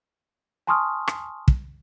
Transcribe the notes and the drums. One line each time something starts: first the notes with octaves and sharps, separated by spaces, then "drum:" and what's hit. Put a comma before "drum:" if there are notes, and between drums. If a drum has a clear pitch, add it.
G#5 A5 C6 C#6 D#6 F6
drum: rim click
drum: kick